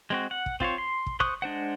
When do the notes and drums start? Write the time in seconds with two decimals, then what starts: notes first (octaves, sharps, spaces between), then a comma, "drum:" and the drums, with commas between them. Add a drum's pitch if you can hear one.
0.10 G#3 C4 F#4
0.31 F#5
0.46 drum: kick
0.60 C4 F4 C5 C#5, drum: kick
0.78 C6
1.06 drum: kick
1.20 C5 C#6 D#6 F#6, drum: kick
1.42 G#3 D4 C5 F#5